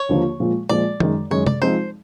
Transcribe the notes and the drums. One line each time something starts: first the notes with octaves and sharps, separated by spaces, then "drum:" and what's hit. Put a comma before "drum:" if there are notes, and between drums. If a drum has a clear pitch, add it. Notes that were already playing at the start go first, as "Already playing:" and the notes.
Already playing: C#5
D#2 D3 F3 A#3
A#2 F3 G#3
A#2 F3 G#3 D5
F#2 D#3 G#3, drum: tom D#3
F#2 D#3 G#3 C#5
D5, drum: tom C3
F3 G#3 C4 D#4 C5